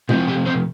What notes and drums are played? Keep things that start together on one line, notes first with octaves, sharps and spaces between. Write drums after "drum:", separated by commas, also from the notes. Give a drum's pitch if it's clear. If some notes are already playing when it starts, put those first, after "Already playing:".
C3 F3 C4 F4, drum: tom G#3
G4
C4 C5